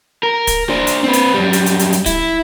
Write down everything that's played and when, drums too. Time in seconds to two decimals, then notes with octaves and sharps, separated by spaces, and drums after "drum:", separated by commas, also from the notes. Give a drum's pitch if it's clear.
0.23 A#4
0.47 drum: kick, hi-hat
0.69 D4 C5
0.87 drum: hi-hat
1.04 C4 B4
1.13 drum: hi-hat
1.34 F#2 G3
1.53 drum: hi-hat
1.66 drum: hi-hat
1.80 drum: hi-hat
1.93 drum: hi-hat
2.06 E4, drum: kick, hi-hat